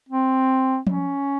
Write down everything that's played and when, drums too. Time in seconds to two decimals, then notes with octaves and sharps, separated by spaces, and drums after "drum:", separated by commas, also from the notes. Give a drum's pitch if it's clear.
0.09 C4
0.87 C#4, drum: tom F3